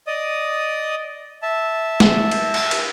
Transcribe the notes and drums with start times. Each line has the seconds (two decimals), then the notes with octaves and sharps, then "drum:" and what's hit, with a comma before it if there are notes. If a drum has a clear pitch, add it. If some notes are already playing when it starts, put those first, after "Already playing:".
0.07 D5 D#5 D#6
1.42 E5 A5
2.00 drum: snare
2.31 drum: cymbal
2.54 drum: cymbal
2.71 drum: cymbal